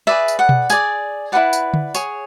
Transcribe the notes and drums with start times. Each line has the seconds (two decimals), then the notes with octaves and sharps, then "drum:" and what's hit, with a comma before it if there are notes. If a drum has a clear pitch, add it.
0.07 G#4 B4 D5 E5
0.28 drum: tambourine
0.39 F#5
0.49 drum: tom B2
0.70 G#4 D5 G#5, drum: tambourine
1.32 E4 G#4 B4 D5 F#5
1.53 drum: tambourine
1.74 drum: tom D3
1.95 G#4 C#5, drum: tambourine